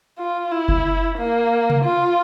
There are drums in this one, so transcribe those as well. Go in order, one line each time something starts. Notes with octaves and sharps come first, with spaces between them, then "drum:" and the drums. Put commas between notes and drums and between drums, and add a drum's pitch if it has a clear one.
F4
E4
drum: kick F#1
A#3
drum: tom C3
F4